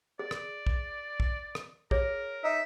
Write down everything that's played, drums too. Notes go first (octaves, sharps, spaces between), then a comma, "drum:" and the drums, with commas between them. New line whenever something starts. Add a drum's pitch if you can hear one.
G#4 D5
drum: rim click
drum: kick
drum: kick
drum: rim click
G#4 A#4 C#5, drum: kick
D#4 E5